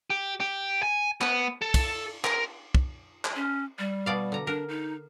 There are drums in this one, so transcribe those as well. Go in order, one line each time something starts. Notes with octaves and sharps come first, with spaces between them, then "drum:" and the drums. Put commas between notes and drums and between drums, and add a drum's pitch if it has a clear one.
G4
G4
G#5
B3, drum: clap
A4
drum: kick, cymbal
A#4, drum: clap
drum: kick
drum: clap
C#4
G3
B2 D5 F5
D3 A#5
D4 A#4
D#4